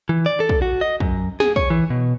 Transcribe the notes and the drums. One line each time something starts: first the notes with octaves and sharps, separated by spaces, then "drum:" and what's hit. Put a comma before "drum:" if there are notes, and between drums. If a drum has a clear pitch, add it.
E3
D5
A4
drum: kick
F#4
D#5
F#2, drum: kick
G#4, drum: snare
C#5, drum: kick
E3
B2